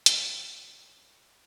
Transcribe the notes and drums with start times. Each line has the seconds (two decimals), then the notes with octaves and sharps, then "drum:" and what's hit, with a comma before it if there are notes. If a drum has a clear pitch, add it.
0.06 drum: hi-hat
0.24 C4 E4
0.59 F#4 A#4 C#5